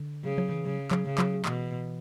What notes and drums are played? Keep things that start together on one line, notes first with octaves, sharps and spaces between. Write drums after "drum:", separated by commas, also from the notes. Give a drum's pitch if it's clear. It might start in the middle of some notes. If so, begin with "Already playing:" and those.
Already playing: D3
C#3 F#3
F#3
E3
C#3 F#3
F#3, drum: clap
C#3
F#3, drum: clap
B2 E3, drum: clap